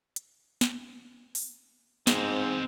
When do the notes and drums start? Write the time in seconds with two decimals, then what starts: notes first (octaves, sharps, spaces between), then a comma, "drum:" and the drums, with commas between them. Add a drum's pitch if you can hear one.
0.16 drum: hi-hat
0.61 drum: snare
1.35 drum: open hi-hat
2.07 G#2 C4 D#5, drum: snare